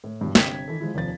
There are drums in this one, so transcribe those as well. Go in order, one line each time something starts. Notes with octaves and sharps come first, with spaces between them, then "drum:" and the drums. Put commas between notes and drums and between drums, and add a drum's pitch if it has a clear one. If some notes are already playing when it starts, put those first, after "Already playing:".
A2
G2 B2 E3
G1 C3 G5 G#6 B6, drum: snare
D#3 E3 A4
F3 G#3 E4
F1 D#2 F3 A6